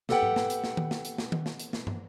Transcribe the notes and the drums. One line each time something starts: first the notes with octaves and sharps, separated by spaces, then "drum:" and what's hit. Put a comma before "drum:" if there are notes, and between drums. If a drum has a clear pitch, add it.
G4 A4 B4 D5 F#5 G5, drum: snare
drum: tom G#2
drum: snare
drum: hi-hat
drum: snare
drum: tom D#3
drum: snare
drum: hi-hat
drum: snare
drum: tom D#3
drum: snare
drum: hi-hat
drum: snare
drum: tom